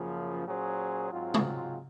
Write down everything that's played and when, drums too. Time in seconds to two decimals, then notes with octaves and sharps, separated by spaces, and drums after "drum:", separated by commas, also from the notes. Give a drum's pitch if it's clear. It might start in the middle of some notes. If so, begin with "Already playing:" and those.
Already playing: F#2 C#3 F3 A#3
0.46 A#2 F#3 C#4 G#4 C5
1.11 G#2 F#3 C4 F4
1.34 drum: tom